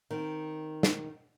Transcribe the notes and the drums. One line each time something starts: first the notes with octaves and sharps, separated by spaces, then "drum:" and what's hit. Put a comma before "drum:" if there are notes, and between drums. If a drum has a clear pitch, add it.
D#3 C4
drum: snare